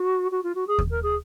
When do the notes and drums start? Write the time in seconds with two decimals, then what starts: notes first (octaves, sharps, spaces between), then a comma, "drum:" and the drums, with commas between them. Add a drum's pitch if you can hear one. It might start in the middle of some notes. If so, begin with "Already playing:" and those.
Already playing: F#4
0.31 F#4
0.43 F4
0.55 F#4
0.67 G#4
0.78 drum: kick D#2
0.90 A#4
1.02 G#4